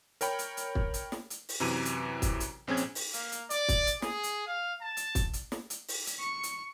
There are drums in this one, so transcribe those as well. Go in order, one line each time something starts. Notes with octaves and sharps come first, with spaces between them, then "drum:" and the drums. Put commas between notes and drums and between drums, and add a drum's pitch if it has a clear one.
A#4 C#5 G5 B5, drum: hi-hat
drum: hi-hat
drum: hi-hat
drum: kick
drum: hi-hat
drum: snare
drum: hi-hat
drum: open hi-hat
F#2 C3 E3 A#5 G#6 D#7
drum: hi-hat
drum: kick, hi-hat
drum: hi-hat
A#1 C4 C#4 G#4 G#6
drum: hi-hat
drum: open hi-hat
A#3, drum: hi-hat
drum: hi-hat
D5, drum: hi-hat
drum: kick, hi-hat
drum: hi-hat
G#4, drum: snare
drum: hi-hat
F5
A5
drum: hi-hat
drum: kick, hi-hat
drum: hi-hat
drum: snare
drum: hi-hat
drum: open hi-hat
drum: hi-hat
C#6
drum: hi-hat